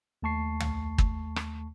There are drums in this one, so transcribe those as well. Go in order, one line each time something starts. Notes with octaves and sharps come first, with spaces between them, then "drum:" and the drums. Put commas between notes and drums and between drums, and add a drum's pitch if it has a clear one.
D#2 A3 A5 C#6 C7
drum: tom
drum: kick
drum: rim click